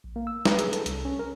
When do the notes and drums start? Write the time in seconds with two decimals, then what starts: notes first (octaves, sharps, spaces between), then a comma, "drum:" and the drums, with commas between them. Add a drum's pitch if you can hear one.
0.04 A#1
0.16 A#3
0.27 E6
0.45 B4, drum: snare
0.59 G#4, drum: hi-hat
0.73 A4, drum: hi-hat
0.86 C2, drum: hi-hat
1.05 C#4
1.19 A#4